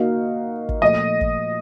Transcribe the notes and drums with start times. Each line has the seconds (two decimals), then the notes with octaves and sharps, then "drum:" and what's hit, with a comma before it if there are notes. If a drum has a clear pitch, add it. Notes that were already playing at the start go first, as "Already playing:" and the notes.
Already playing: A#3 D#4 F#4 A#4 F5
0.69 drum: kick
0.81 A#2 F3 A3 D#5
1.21 drum: kick